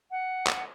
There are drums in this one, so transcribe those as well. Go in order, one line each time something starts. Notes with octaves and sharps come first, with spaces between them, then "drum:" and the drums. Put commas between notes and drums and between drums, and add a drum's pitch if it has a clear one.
F#5
drum: clap